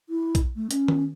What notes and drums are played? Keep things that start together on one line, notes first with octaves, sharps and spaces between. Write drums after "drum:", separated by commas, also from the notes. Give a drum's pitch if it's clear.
E4
drum: kick A#1, hi-hat
A3
C#4, drum: hi-hat
drum: tom D#3